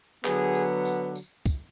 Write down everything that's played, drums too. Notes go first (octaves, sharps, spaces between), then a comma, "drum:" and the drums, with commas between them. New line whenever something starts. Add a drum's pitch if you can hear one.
D3 F#3 B3 G#4, drum: clap
drum: tambourine
drum: tambourine
drum: tambourine
drum: kick, tambourine